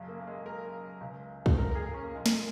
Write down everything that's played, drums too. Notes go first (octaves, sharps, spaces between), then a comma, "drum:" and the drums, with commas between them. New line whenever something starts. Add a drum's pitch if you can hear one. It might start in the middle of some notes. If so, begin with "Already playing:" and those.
Already playing: F#1 F#2 C#3
A#3
A#3
G#3
A#4
C#2 C#3
drum: kick
A#4
A#4
G#4
C#4
A#3
A#1 A#2 G#3
A#3, drum: snare